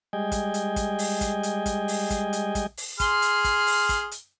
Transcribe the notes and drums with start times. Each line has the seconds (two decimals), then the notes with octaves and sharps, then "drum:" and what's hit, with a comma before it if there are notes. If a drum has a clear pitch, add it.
0.13 G3 G#3 D#5 G5 G#5
0.32 drum: kick, hi-hat
0.54 drum: hi-hat
0.76 drum: kick, hi-hat
0.99 drum: open hi-hat
1.21 drum: kick, hi-hat
1.43 drum: hi-hat
1.66 drum: kick, hi-hat
1.88 drum: open hi-hat
2.10 drum: kick, hi-hat
2.33 drum: hi-hat
2.55 drum: kick, hi-hat
2.77 drum: open hi-hat
3.00 G#4 C6 F6, drum: kick, hi-hat
3.22 drum: hi-hat
3.44 drum: kick, hi-hat
3.67 drum: open hi-hat
3.89 drum: kick, hi-hat
4.11 drum: hi-hat